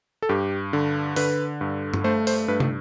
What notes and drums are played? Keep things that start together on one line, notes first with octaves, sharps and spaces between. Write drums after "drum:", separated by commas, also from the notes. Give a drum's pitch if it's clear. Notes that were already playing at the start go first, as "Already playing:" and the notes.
A4
G2 G4
D3
D3 B4, drum: open hi-hat
G2
drum: tom G2
A3 C5
C5, drum: open hi-hat
G2 B4
drum: tom